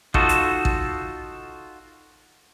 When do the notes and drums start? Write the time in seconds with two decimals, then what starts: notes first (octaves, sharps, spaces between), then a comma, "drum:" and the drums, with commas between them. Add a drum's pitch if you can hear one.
0.14 D#4 F4 F#4 A4, drum: kick A1
0.29 drum: hi-hat
0.65 drum: kick A1